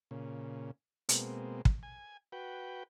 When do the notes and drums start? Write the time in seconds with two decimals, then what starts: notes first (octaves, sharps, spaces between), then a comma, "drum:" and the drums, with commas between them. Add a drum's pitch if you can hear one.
0.11 A#2 C#3
1.09 B2 G#3 A#3 C4, drum: hi-hat
1.65 drum: kick
1.83 G#5
2.32 F#4 B4 G5